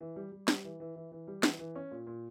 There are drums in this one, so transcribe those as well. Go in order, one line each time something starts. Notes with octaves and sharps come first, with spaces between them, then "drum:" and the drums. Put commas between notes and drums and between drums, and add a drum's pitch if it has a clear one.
E3
G3
G3
G3, drum: snare
E3
E3
E3
E3
G3
E3, drum: snare
E3
C#4
A#2
A#2